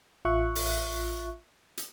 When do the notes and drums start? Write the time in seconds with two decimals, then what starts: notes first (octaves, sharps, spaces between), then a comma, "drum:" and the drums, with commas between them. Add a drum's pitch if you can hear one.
0.25 A1 F4 E5 C#6 F#6
0.55 drum: open hi-hat
1.77 drum: hi-hat